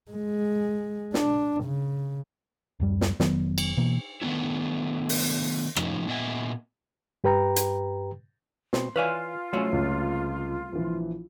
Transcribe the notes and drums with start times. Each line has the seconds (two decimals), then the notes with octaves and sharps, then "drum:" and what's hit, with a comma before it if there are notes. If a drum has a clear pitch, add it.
0.11 G#3
1.14 D4, drum: snare
1.64 C#3
2.80 D1 F#2 G3
3.01 drum: snare
3.20 F1 D#3 F#3 B3, drum: snare
3.58 drum: cymbal
3.77 B2 E3 A#3
4.22 D#3 A3 B3 D4 E4
5.09 drum: open hi-hat
5.76 A2 C3 F3 C#4 D#4, drum: rim click
6.08 A#2 B3 D#5 E5 G#5
7.24 G2 G4 B4 G5 A#5
7.56 drum: hi-hat
8.73 B2 C4 C6, drum: snare
8.96 E3 F4 B4 C#5 D5 F5 G#5
9.53 C2 F#3 A3 C#4 C#5 E6
9.73 C#2
10.73 A#1 E3